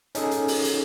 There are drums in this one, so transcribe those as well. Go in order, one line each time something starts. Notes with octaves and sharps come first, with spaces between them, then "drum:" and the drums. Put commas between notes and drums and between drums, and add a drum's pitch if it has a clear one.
C#4 D#4 G#4 A4, drum: hi-hat
drum: hi-hat
drum: open hi-hat
drum: hi-hat